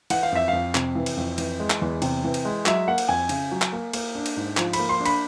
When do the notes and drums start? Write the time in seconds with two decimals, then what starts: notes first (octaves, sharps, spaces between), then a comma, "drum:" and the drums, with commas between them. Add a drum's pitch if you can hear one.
0.10 E3 F#5, drum: cymbal
0.23 F5
0.32 F2 E5
0.48 F5
0.53 F2
0.75 C3, drum: clap
0.95 E3
1.06 drum: cymbal
1.17 F2
1.38 E3, drum: cymbal
1.60 G#3
1.70 drum: clap
1.81 E2
2.02 C3, drum: cymbal
2.24 E3
2.34 drum: cymbal
2.45 G#3
2.66 F#3 E5, drum: clap
2.88 A#3 F#5
2.98 drum: cymbal
3.08 F2 G#5
3.29 C#3, drum: cymbal
3.51 F#3
3.62 drum: clap
3.73 A#3
3.93 A#3, drum: cymbal
4.15 D4
4.26 drum: cymbal
4.36 G#2
4.57 F3, drum: clap
4.73 B5, drum: cymbal
4.79 A#3
4.89 C6
5.00 D4
5.05 B5, drum: cymbal